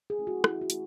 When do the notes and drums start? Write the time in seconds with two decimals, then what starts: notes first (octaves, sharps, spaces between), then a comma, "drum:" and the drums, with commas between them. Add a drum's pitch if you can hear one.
0.10 G#4
0.18 A3 C#4 E4
0.27 F#4
0.44 E3 E4, drum: rim click
0.61 F#4
0.70 A3, drum: hi-hat